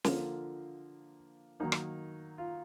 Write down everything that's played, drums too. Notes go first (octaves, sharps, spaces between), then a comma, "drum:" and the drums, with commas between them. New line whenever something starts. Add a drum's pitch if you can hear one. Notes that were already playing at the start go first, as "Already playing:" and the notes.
D3 F3 A#3 F4, drum: snare
D#3 F#3 A#3 D#4
drum: rim click
F4